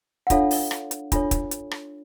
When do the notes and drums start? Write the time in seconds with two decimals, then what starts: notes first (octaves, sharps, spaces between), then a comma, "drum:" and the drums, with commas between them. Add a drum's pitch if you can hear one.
0.27 F#5
0.30 D4 F4 A4 C#5 F5, drum: kick, hi-hat
0.51 drum: open hi-hat
0.71 drum: rim click
0.91 drum: hi-hat
1.12 D4 F4 A4 C#5, drum: kick, hi-hat
1.31 drum: kick, hi-hat
1.51 drum: hi-hat
1.71 drum: rim click